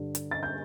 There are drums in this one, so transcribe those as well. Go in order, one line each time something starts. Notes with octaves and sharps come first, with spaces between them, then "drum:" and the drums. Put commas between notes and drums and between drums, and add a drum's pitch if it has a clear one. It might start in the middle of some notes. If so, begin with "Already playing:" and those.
Already playing: G2 D3 G3
drum: hi-hat
A6
G6